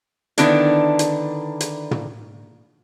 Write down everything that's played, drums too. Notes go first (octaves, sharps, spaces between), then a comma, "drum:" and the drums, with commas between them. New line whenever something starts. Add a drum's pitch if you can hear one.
D3 D#3 B3 D4 E4, drum: hi-hat
drum: hi-hat
drum: hi-hat
drum: tom